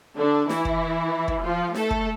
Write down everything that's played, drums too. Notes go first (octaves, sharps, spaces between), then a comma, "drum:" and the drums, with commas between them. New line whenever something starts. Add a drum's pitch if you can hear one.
D3 D4
E3 E4, drum: snare
drum: kick
drum: kick
F3 F4
A3 A4, drum: snare
drum: kick